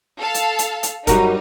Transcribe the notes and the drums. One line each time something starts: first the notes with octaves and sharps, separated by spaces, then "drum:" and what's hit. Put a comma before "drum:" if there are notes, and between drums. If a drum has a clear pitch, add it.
A4 F5 A5
drum: hi-hat
drum: hi-hat
drum: hi-hat
F#2 G3 D#4 F#4 A#4, drum: kick E1, hi-hat